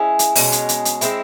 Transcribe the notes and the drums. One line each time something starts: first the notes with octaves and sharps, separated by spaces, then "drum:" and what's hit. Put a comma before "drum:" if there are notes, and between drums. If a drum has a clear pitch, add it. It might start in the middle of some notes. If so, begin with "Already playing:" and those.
Already playing: G#3 C#4 E4
drum: hi-hat
B2 G#3 C#4, drum: open hi-hat
drum: hi-hat
drum: hi-hat
drum: hi-hat
G#3 C4 E4, drum: hi-hat